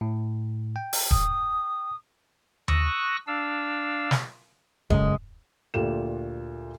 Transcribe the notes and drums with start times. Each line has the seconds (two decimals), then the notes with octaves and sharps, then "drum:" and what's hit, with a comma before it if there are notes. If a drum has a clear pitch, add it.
0.01 A2
0.76 G5
0.93 drum: open hi-hat
1.11 D#6, drum: kick D#1
2.68 C#6 D#6 E6 F#6 A#6, drum: tom D#2
3.27 D4 F5 E6
4.11 drum: snare
4.90 F#1 F#2 C#3 G#3, drum: kick D#1
5.74 D2 A#2 G4 E7